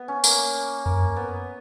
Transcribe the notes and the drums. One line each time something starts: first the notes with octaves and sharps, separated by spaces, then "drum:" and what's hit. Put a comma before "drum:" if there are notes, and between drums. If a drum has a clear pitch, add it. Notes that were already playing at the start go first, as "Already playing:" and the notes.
Already playing: B3
C#4
A#3, drum: tambourine
F#2 A#3
B3